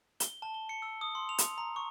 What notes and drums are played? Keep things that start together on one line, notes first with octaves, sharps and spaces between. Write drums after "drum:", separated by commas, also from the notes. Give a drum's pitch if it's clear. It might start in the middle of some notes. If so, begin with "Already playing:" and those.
G7, drum: hi-hat
A5
G7
C#7
E6
D#6
C6
F7
drum: hi-hat
A#5
C#6